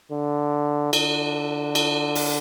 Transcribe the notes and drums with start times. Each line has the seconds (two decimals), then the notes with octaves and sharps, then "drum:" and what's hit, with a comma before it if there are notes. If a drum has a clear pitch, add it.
0.12 D3
0.93 D3, drum: cymbal
1.75 drum: cymbal
2.15 drum: open hi-hat